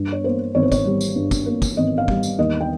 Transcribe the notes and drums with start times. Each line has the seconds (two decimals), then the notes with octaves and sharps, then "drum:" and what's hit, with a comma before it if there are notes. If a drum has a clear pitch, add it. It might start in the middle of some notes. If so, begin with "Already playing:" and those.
Already playing: G2
0.12 C#5
0.24 A#3 C5
0.55 G#1 C#5
0.63 C5
0.72 C#5, drum: kick, tambourine
0.85 G3
1.01 drum: tambourine
1.15 G2
1.31 drum: kick, tambourine
1.46 A#3
1.62 drum: kick, tambourine
1.77 G#1 D#5
1.98 F5
2.08 G3, drum: kick
2.23 drum: tambourine
2.38 D#2 D#5
2.61 G5